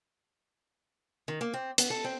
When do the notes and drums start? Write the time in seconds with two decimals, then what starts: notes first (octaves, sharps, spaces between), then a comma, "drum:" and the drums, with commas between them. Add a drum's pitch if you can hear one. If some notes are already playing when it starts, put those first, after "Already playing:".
1.28 D#3
1.41 A#3
1.54 C4
1.78 B3, drum: hi-hat
1.90 A4
2.04 C4